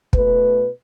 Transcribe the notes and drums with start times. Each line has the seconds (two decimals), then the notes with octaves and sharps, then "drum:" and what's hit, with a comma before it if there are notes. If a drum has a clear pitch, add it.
0.13 B2 A3 B4, drum: kick